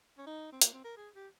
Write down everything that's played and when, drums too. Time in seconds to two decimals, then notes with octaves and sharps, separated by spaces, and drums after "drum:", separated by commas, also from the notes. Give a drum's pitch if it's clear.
0.18 C#4
0.26 D#4
0.52 C4
0.61 A#3, drum: hi-hat
0.74 C4
0.84 A#4
0.97 G#4
1.15 G4